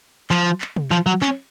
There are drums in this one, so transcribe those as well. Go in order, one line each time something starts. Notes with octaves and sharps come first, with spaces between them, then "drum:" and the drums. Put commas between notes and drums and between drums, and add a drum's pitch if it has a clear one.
F3, drum: clap
drum: clap
drum: tom
F3, drum: clap
F#3
C#4, drum: clap